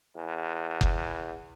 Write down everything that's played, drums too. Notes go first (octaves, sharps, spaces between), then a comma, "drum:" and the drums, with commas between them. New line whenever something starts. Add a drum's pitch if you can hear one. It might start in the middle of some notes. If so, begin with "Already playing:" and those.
E2
drum: kick F#1